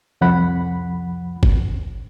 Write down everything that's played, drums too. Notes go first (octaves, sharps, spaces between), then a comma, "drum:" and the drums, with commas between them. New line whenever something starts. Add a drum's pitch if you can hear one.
C2 F2 F3 F#5 B5
drum: kick F#1